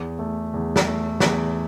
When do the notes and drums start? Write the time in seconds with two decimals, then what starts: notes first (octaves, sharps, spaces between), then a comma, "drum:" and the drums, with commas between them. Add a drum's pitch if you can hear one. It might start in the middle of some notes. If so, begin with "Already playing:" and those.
Already playing: E2
0.19 A3
0.54 E2
0.76 drum: snare
0.87 A3
1.20 E2, drum: snare